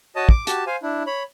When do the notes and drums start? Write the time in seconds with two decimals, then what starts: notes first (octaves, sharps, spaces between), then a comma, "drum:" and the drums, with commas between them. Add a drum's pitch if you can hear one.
0.16 F#4 C#5 D#5 A5 D#6
0.29 D6, drum: kick
0.47 F#4 G4 A5, drum: hi-hat
0.67 C5 F5 G#5
0.83 D4 E4
1.07 C#5 B5